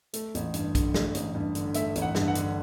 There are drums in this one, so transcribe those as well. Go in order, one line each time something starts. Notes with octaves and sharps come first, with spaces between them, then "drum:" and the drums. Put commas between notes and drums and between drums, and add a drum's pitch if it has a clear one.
A3 A4, drum: hi-hat
A1, drum: hi-hat
G2, drum: hi-hat
D3, drum: kick, hi-hat
A3, drum: snare
A1, drum: hi-hat
G2
D3, drum: hi-hat
A3 E5, drum: hi-hat
A1, drum: hi-hat
F#5
G2, drum: snare
F#5
D3, drum: hi-hat